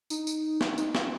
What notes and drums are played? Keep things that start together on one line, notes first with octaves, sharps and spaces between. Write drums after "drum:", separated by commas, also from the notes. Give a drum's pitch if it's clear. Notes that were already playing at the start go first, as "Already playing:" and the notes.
D#4, drum: tambourine
drum: tambourine
drum: snare
D#4, drum: tambourine
F4, drum: snare